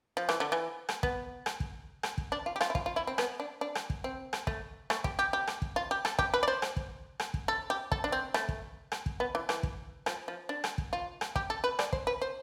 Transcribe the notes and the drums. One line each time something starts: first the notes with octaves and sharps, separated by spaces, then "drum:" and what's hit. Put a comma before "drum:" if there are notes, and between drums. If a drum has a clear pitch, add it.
F3
E3, drum: rim click
D3
E3
drum: rim click
B3, drum: kick
drum: rim click
drum: kick
drum: rim click
drum: kick
D4
F4
G4
F4, drum: rim click
E4
F4, drum: kick
F4
E4
C4
B3, drum: rim click
D4
D4
drum: rim click
drum: kick
C4
drum: rim click
A3, drum: kick
A3, drum: rim click
G4, drum: kick
G4
G4
drum: rim click
drum: kick
F4
G4
A4, drum: rim click
G4, drum: kick
B4
D5
C5
drum: rim click
drum: kick
drum: rim click
drum: kick
A4
G4
A4, drum: kick
D4
C4
A3, drum: rim click
drum: kick
drum: rim click
drum: kick
B3
E3
E3, drum: rim click
drum: kick
F3, drum: rim click
F3
D4
drum: rim click
drum: kick
F4
drum: rim click
G4, drum: kick
A4
B4
D5, drum: rim click
C5, drum: kick
B4
C5